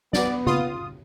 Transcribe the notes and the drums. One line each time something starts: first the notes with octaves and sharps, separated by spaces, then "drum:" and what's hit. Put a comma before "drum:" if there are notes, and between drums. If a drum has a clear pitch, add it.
B3 D5, drum: snare
F4 D#6, drum: tom C#3